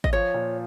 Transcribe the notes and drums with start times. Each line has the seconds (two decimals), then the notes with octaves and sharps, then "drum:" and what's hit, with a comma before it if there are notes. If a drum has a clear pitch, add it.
0.04 D#5, drum: kick
0.13 F3 C#5
0.34 A#2